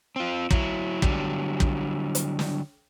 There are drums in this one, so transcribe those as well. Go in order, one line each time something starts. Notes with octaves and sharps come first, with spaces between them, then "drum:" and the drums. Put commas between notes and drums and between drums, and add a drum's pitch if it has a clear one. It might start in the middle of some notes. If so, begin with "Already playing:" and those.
C4 F4
F#3 E4, drum: kick
D3 F#3 G3, drum: kick
drum: kick
drum: hi-hat
drum: snare